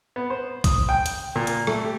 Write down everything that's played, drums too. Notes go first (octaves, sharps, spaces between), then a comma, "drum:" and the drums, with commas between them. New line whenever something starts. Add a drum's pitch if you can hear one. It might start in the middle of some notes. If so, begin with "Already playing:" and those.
B3
C5
D#6, drum: kick, hi-hat
G5
drum: hi-hat
A#2
drum: hi-hat
A3, drum: rim click
G4